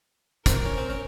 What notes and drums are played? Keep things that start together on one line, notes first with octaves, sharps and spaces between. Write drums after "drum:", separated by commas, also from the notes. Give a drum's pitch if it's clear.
C4 A#4, drum: kick, hi-hat
C#4
C4
C#4